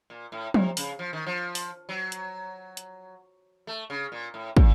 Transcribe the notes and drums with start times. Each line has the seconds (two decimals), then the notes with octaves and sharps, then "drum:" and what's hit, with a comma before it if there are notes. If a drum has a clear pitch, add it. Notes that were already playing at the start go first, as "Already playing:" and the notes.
0.10 A#2
0.32 A2
0.54 C3, drum: tom F3
0.77 C#3, drum: open hi-hat
0.99 F3
1.13 D#3
1.27 F3
1.55 drum: open hi-hat
1.89 F#3
2.12 drum: hi-hat
2.77 drum: hi-hat
3.67 A3
3.90 C#3
4.12 A#2
4.34 A2
4.57 A#2, drum: kick